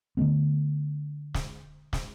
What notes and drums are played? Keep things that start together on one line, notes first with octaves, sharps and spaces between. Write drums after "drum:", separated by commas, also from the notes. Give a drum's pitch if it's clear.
D3 D#3 A3 B3
drum: snare
drum: snare